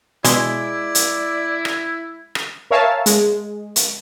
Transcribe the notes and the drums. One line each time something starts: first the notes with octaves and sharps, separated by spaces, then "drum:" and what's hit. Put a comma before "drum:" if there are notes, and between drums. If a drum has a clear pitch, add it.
B2 G#3 E4 D5, drum: hi-hat
drum: hi-hat
drum: rim click
drum: rim click
A#4 C#5 E5 F5 G#5 A5
G#3, drum: hi-hat
drum: hi-hat